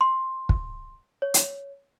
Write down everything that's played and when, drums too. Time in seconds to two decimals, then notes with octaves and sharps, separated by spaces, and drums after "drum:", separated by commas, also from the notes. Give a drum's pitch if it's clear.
0.01 C6
0.49 drum: kick
1.22 C#5
1.34 drum: hi-hat